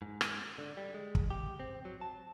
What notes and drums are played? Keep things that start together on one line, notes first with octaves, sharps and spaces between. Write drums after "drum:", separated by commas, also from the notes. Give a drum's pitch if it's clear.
G#2
drum: rim click
D3
G3
G#3
drum: kick
G4
C4
F#3
A5